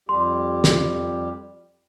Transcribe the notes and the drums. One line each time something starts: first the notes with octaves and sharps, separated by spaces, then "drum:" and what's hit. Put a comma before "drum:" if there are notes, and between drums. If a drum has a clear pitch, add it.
F2 G3 G4 C6
drum: snare